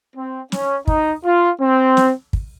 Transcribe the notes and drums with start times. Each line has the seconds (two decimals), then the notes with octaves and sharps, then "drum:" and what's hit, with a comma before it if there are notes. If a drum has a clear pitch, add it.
0.15 C4
0.52 C#4, drum: snare
0.87 D#4, drum: kick
1.25 F4
1.61 C4
1.97 drum: snare
2.33 drum: kick